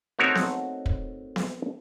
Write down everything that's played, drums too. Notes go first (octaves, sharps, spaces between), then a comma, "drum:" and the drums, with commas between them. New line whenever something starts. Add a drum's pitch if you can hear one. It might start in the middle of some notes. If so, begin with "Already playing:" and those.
A3 C4 D#4 F#4 A#4 C#5
drum: snare B3
drum: kick
drum: snare B3